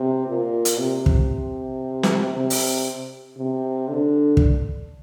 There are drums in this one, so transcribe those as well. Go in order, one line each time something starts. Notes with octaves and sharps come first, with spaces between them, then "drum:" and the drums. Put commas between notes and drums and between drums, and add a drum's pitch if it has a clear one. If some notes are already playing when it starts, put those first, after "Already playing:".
Already playing: C3
A#2
drum: hi-hat
C3
drum: kick
drum: snare
C3
drum: open hi-hat
C3
D3
drum: kick